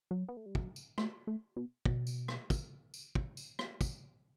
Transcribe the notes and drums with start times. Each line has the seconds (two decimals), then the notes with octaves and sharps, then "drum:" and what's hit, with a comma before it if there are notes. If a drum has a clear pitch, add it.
0.11 F#3
0.28 B3
0.37 A3
0.46 G3
0.55 F#3, drum: kick
0.76 drum: tambourine
0.98 A3, drum: rim click
1.27 A3
1.56 B2
1.85 B2, drum: kick
2.07 drum: tambourine
2.28 drum: rim click
2.50 drum: kick, tambourine
2.94 drum: tambourine
3.15 drum: kick
3.37 drum: tambourine
3.59 drum: rim click
3.81 drum: kick, tambourine